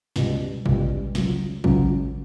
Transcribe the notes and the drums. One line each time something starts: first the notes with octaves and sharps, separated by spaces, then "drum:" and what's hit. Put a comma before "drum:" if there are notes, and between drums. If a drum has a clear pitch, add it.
C#2 B2 G3, drum: snare
C#2 B2 G3, drum: kick
C#2 C#3 F#3, drum: snare
C#2 C#3 F#3, drum: kick